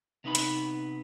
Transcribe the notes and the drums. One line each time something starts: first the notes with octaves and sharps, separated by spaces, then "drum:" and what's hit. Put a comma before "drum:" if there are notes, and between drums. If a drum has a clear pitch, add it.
C3 B3 D#4 E5 B5
drum: hi-hat